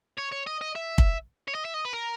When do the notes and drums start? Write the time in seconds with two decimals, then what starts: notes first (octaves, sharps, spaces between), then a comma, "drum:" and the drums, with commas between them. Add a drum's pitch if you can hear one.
0.18 C#5
0.32 C#5
0.46 D#5
0.61 D#5
0.75 E5
0.98 drum: kick
1.48 C#5
1.54 D#5
1.65 E5
1.74 D#5
1.85 B4
1.93 A#4